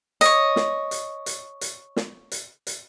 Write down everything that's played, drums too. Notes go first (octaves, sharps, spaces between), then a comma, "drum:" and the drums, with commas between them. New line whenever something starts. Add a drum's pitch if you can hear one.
C#5 D#5, drum: hi-hat
drum: snare
drum: hi-hat
drum: hi-hat
drum: hi-hat
drum: snare
drum: hi-hat
drum: hi-hat